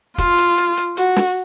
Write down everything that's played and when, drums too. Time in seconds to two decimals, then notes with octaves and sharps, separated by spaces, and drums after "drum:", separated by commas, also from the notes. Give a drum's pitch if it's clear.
0.18 F4, drum: kick, hi-hat
0.38 drum: hi-hat
0.58 drum: hi-hat
0.77 drum: hi-hat
0.97 F#4, drum: hi-hat
1.16 drum: snare